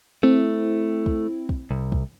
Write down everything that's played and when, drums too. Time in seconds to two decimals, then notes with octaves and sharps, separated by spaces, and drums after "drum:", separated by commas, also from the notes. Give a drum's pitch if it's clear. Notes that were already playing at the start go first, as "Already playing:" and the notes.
0.23 A3 C4 E4
1.06 drum: kick
1.49 drum: kick
1.71 C2
1.92 drum: kick